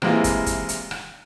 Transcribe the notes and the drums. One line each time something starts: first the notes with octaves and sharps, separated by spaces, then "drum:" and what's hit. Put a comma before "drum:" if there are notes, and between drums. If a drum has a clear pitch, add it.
C3 E3 G#3 A#3 E4 F4, drum: rim click
drum: kick, hi-hat
drum: kick, hi-hat
drum: hi-hat
drum: rim click